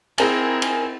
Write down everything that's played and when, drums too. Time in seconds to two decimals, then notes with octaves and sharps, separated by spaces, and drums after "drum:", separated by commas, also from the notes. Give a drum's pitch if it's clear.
0.18 C4 E4 G#4 A#4 G#5, drum: cymbal
0.62 drum: cymbal